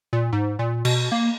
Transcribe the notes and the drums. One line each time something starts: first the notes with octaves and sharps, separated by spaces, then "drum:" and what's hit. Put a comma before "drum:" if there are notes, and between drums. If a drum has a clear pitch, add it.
A#2
G#2
A#2
B2, drum: cymbal
A#3